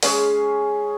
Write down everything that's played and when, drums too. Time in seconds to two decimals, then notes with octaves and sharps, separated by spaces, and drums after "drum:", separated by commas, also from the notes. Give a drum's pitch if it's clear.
0.03 G#3 C#4 G#4, drum: open hi-hat